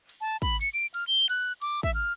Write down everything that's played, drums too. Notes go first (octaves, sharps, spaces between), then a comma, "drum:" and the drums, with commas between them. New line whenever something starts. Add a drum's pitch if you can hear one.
drum: cymbal
A5
B5, drum: kick, cymbal
C#7, drum: cymbal
D7
F6, drum: cymbal
G7
F#6, drum: cymbal
D6, drum: cymbal
E5, drum: kick, cymbal
F6